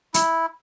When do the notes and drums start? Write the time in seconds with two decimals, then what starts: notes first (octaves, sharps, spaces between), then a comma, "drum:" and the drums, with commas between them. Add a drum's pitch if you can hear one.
0.14 E4, drum: hi-hat